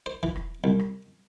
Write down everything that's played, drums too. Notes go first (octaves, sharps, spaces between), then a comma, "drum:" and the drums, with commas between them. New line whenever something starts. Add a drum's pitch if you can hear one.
C5
E3, drum: kick
drum: rim click
C2
drum: rim click